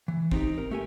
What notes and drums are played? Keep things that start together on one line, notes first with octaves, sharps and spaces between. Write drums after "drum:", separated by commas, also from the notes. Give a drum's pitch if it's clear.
E3
C4 D#4 G4, drum: kick
A#4
A3 G4 G#5